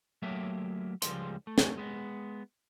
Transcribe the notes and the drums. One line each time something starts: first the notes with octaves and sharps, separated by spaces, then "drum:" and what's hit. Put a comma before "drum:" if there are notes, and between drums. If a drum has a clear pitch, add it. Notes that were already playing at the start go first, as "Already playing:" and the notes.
F#3 A3 A#3 G4 C#5 E5
C#2 F3 G3 G#3 C6, drum: hi-hat
A3
drum: snare
G#3 B3